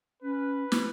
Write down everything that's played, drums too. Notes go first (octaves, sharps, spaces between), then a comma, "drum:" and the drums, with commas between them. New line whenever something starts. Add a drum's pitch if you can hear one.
C#4 B4
drum: snare